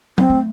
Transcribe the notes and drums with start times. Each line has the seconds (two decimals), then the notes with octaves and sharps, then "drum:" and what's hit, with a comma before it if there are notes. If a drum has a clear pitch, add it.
0.18 C4, drum: tom
0.30 A3